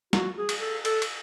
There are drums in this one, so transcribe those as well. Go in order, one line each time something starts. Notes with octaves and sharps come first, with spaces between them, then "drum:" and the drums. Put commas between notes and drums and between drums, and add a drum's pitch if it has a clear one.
F#4, drum: snare
G#4
drum: cymbal
A4
A4, drum: cymbal
drum: cymbal